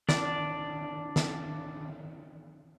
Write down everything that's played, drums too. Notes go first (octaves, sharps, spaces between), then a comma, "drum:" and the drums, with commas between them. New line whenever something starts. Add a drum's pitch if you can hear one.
D4 D5, drum: snare
drum: snare